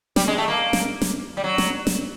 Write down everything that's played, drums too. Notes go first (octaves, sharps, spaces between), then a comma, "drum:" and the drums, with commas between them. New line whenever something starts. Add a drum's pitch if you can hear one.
G3, drum: snare
G#3
A3
A#3
drum: snare
drum: snare
G3
F#3
drum: snare
drum: snare